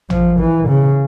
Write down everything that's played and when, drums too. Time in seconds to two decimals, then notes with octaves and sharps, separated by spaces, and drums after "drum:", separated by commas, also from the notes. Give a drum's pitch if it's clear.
0.10 F3, drum: tom
0.39 E3
0.68 C#3